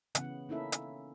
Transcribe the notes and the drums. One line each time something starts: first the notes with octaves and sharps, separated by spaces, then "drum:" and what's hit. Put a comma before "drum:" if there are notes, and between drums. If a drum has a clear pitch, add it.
C#3 E3 B3 F#5, drum: hi-hat
A#3 C#4 D#4 E4 A4 E5
drum: hi-hat